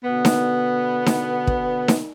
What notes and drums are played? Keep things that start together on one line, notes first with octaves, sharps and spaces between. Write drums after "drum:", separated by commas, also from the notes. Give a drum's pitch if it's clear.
B2 D3 B3
drum: snare D#4
drum: snare D#4
drum: kick
drum: snare D#4